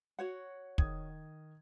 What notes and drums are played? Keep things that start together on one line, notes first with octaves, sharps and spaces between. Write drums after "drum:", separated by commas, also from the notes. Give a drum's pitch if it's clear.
F#4 C#5 F#5
D#3 D#6 G#6, drum: kick